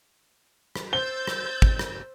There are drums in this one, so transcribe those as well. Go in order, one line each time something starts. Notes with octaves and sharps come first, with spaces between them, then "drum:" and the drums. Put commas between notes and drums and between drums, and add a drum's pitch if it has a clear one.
drum: rim click
C5 E6 G6 A6 G7
drum: rim click
drum: kick
drum: rim click